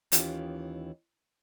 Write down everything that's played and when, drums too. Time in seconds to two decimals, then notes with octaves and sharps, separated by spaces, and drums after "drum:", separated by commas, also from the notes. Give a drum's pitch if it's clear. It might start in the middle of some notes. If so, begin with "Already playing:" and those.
0.12 D#2 D#3 E3 C#4 F4 G4, drum: hi-hat